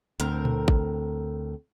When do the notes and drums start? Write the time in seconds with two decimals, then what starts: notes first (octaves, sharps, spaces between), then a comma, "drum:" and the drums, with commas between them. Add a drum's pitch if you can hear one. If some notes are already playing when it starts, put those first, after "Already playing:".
0.20 D2 A2 C4 A#4, drum: hi-hat
0.45 drum: tom A#2
0.68 drum: kick A1